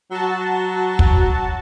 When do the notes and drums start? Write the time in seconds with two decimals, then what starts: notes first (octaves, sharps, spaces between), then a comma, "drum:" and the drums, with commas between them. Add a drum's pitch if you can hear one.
0.11 F#3 F#4 A5
0.99 drum: kick